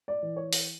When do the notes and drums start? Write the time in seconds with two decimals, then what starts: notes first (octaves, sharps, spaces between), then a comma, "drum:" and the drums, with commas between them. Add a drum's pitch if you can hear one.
0.08 D5
0.23 E3
0.36 C#5
0.53 drum: open hi-hat